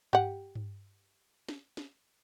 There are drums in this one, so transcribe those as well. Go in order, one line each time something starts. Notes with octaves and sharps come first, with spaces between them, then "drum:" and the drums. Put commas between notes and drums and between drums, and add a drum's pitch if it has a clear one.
G4 F#5, drum: tom G2
drum: tom G2
drum: snare
drum: snare